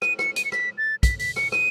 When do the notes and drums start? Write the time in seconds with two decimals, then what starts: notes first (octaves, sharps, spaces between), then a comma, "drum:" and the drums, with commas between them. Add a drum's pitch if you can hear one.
0.02 D#7, drum: rim click
0.19 C#7, drum: rim click
0.36 D#7, drum: hi-hat
0.45 C#7
0.52 B6, drum: rim click
0.78 A6
1.03 B6, drum: kick, hi-hat
1.19 B6, drum: open hi-hat
1.36 C#7, drum: rim click
1.52 D#7, drum: rim click